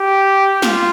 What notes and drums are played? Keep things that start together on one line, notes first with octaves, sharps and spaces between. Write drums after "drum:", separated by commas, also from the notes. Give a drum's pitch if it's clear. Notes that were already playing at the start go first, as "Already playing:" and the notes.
Already playing: G4
F4, drum: snare